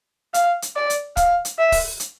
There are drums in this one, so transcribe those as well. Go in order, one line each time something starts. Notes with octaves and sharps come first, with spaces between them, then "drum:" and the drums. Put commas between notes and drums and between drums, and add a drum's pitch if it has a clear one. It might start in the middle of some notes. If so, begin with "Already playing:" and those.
F5, drum: hi-hat
drum: hi-hat
D5
drum: hi-hat
F5, drum: kick, hi-hat
drum: hi-hat
E5
drum: kick, open hi-hat
drum: hi-hat